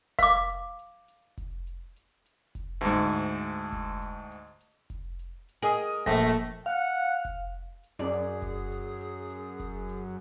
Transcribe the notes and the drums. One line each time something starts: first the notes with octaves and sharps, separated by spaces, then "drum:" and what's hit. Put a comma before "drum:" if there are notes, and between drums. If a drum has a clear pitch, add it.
F5 D6, drum: kick F1, hi-hat
drum: hi-hat
drum: hi-hat
drum: hi-hat
drum: kick F1, hi-hat
drum: hi-hat
drum: hi-hat
drum: hi-hat
drum: kick F1, hi-hat
D2 G#2
drum: hi-hat
drum: hi-hat
drum: kick F1, hi-hat
drum: hi-hat
drum: hi-hat
drum: hi-hat
drum: kick F1, hi-hat
drum: hi-hat
drum: hi-hat
G#4 A#4 D#5 D#6
drum: hi-hat
A#1 A3 A#6, drum: kick F1, hi-hat
drum: hi-hat
F5 F#5
drum: hi-hat
drum: kick F1, hi-hat
drum: hi-hat
F#2 G#4 D5
drum: hi-hat
drum: kick F1, hi-hat
drum: hi-hat
drum: hi-hat
drum: hi-hat
drum: kick F1, hi-hat
drum: hi-hat